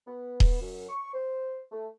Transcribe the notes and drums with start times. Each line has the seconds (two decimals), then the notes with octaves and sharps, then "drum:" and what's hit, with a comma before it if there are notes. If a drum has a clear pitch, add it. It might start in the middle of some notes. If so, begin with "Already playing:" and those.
0.07 B3
0.40 drum: kick D#1
0.61 F#2
0.89 C#6
1.14 C5
1.72 A3